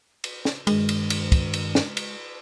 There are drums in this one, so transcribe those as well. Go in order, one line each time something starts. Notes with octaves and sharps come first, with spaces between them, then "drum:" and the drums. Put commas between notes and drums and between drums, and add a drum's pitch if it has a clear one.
drum: cymbal
drum: snare
G2 D#3 G#3, drum: cymbal
drum: cymbal
drum: cymbal
drum: kick, cymbal
drum: cymbal
drum: snare
drum: cymbal